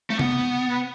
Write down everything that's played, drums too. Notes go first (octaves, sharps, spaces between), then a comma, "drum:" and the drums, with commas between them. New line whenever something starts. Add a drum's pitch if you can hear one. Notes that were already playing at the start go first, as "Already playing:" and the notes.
A3
B3, drum: tom C3